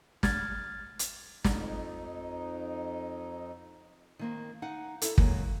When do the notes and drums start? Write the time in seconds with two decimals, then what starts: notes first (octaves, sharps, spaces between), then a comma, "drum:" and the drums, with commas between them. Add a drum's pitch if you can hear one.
0.23 F6 G#6 A6, drum: snare
0.99 drum: hi-hat
1.44 F2 D#4, drum: snare
4.19 D#3 A#3 C4
4.62 D#4 F5 F#5
5.02 E4 A4, drum: hi-hat
5.18 D#3 F#3 G#3 A#3, drum: kick